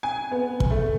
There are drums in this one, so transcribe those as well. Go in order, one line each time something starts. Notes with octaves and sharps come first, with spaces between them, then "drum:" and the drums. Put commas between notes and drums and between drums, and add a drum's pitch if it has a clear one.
G#5
B3
drum: kick
A3